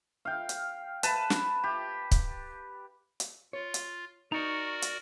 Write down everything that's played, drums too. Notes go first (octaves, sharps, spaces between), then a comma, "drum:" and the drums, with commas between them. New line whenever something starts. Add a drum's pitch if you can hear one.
F5 G5
drum: hi-hat
B4 A5, drum: hi-hat
drum: snare
G4
drum: kick, hi-hat
drum: hi-hat
F4 C#5
drum: hi-hat
D#4 F#4 A#4 D5 A#5 C#6
drum: hi-hat